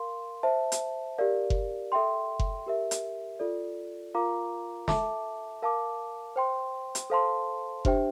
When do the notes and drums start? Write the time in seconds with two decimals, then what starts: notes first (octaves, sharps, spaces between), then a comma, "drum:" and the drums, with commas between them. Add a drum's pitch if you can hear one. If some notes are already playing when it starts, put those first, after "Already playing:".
Already playing: A#4 F5 C6
0.43 C5 E5 A5
0.72 drum: hi-hat
1.18 G4 A#4 D5 F5
1.50 drum: kick F#1
1.92 A4 E5 G5 C6
2.39 drum: kick F#1
2.66 G4 A#4 E5
2.91 drum: hi-hat
3.39 F4 A4 D5
4.15 F4 A#4 F5 A#5 D6
4.88 A4 E5 A5 D6, drum: snare
5.62 A#4 F5 A5 D6
6.36 C5 G5 C6
6.95 drum: hi-hat
7.10 A4 C5 F5 A5 C6
7.85 D4 G4 C5 E5 G5, drum: kick F#1